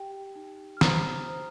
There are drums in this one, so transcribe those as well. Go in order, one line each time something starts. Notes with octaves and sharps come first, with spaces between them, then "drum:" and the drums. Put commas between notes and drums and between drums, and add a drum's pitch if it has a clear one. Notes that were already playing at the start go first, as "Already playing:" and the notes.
Already playing: G4 G5
D#4
F6
C5 A#5 D#6, drum: snare
C5